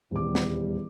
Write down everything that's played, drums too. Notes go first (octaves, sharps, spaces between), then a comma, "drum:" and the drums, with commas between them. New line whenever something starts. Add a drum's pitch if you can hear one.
D#1 E2 G#2 G3 D6
drum: snare